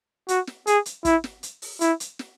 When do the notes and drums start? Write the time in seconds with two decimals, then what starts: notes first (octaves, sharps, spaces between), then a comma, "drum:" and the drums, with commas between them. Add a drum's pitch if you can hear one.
0.28 F#4, drum: hi-hat
0.47 drum: snare
0.67 G#4, drum: hi-hat
0.86 drum: hi-hat
1.05 E4, drum: kick, hi-hat
1.24 drum: snare
1.43 drum: hi-hat
1.62 drum: open hi-hat
1.81 E4, drum: hi-hat
2.00 drum: hi-hat
2.19 drum: snare